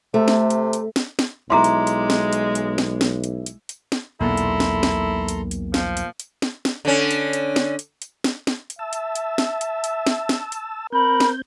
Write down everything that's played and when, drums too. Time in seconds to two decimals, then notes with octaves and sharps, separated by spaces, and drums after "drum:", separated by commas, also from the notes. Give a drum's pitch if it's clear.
0.14 C3 A3
0.28 drum: snare
0.50 drum: hi-hat
0.73 drum: hi-hat
0.96 drum: snare
1.19 drum: snare
1.50 B1 G#3 E4 A#5 C6 D6
1.64 drum: hi-hat
1.87 drum: hi-hat
2.10 drum: snare
2.33 drum: hi-hat
2.55 drum: hi-hat
2.78 drum: snare
3.01 drum: snare
3.24 drum: hi-hat
3.46 drum: hi-hat
3.69 drum: hi-hat
3.92 drum: snare
4.20 B1 E2 A#2 B3 E4 A4 A#5 C6
4.37 drum: hi-hat
4.60 drum: snare
4.83 drum: snare
5.28 drum: hi-hat
5.51 drum: hi-hat
5.74 F3, drum: snare
5.97 drum: hi-hat
6.20 drum: hi-hat
6.42 drum: snare
6.65 drum: snare
6.85 D3 C#4
7.11 drum: hi-hat
7.33 drum: hi-hat
7.56 drum: snare
7.79 drum: hi-hat
8.02 drum: hi-hat
8.24 drum: snare
8.47 drum: snare
8.70 drum: hi-hat
8.79 E5 A5 E6
8.93 drum: hi-hat
9.15 drum: hi-hat
9.38 drum: snare
9.61 drum: hi-hat
9.84 drum: hi-hat
10.07 drum: snare
10.29 drum: snare
10.52 drum: hi-hat
10.92 C4 A#4 B5 G6
11.20 drum: snare